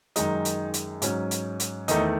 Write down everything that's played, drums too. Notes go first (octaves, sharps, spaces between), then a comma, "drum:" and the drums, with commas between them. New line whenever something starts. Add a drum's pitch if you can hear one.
F#2 D#3 G#3 D#4, drum: hi-hat
drum: hi-hat
drum: hi-hat
G#2 F#3 C#4, drum: hi-hat
drum: hi-hat
drum: hi-hat
E2 D#3 A3 D#4, drum: hi-hat